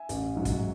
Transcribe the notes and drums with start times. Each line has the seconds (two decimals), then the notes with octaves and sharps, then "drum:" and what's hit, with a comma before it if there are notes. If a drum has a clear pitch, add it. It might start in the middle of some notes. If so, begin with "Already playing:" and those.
Already playing: E5 G#5
0.09 A1, drum: hi-hat
0.35 G#2 F#3
0.45 drum: kick, hi-hat